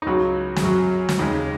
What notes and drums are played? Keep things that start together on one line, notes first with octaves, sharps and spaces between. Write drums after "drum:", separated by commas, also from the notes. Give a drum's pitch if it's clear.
D#4
C#2 C#3 F#3 F#4
G#4, drum: snare
F#2 F#3 F#4
drum: snare
D#2 C#3 G#3 D#4